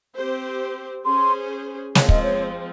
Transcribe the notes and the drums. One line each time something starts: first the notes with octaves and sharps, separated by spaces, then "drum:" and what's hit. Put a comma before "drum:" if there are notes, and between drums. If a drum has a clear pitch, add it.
C4 G4 C5
C#4 G#4 C5 C6
F3 G#3 C4 C#5, drum: snare
D#5, drum: kick
C#5